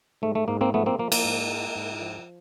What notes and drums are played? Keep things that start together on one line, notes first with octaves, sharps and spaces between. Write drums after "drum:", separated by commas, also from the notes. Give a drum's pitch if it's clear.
G#2 A3
A3
G#2 A#3
A#3 C4
F3 A3 B3
A#3 C4
F3 A#3
A#3, drum: cymbal
G#2
G#3
G#2
F3